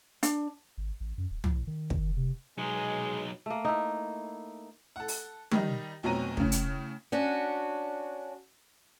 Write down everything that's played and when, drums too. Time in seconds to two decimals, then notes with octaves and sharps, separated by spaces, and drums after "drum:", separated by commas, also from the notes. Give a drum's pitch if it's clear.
0.23 D4, drum: hi-hat
0.78 G#1
1.00 A1
1.18 F#2
1.31 D1
1.44 A2, drum: tom
1.67 D#3
1.90 drum: kick
2.17 C3
2.58 F#3 G#3 D#4
3.46 A3 A#3
3.65 D#4 E4
4.96 A4 F#5
5.08 drum: open hi-hat
5.51 D#3 G3 D#4, drum: tom
6.03 F1 B2 F#3 C4 A#5 D#7
6.37 A2 C#3, drum: kick
6.52 drum: hi-hat
7.12 C#4 D4 F#4